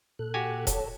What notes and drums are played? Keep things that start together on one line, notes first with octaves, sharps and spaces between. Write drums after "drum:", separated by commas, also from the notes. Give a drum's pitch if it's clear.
A#2 A4 F#6
F#4 G4 G#5
A4 C#5 A5, drum: kick E1, hi-hat